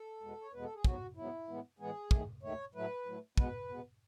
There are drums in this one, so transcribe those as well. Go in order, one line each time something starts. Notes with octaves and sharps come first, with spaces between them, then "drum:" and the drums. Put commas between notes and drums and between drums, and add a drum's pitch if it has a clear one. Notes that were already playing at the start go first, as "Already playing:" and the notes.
Already playing: A4
E2 B2 G#3 B3
C#5
E2 B2 G#3 B3 B4
A4
G#4
G#2 F#3 B3 F#4, drum: kick
G#2 F#3 B3 E4
A2 E3 G#3 B3
A2 E3 G#3 B3 G#4
D#2 D#3 A3, drum: kick
D#2 D#3 A3 C#5
A2 F#3 A3 B4
A2 F#3 A3
B2 G#3 B3 B4, drum: kick
B2 G#3 B3